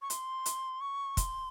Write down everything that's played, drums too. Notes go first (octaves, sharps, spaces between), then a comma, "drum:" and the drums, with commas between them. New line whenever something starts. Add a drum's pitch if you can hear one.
C#6
C6, drum: hi-hat
drum: hi-hat
C#6
C6, drum: kick, hi-hat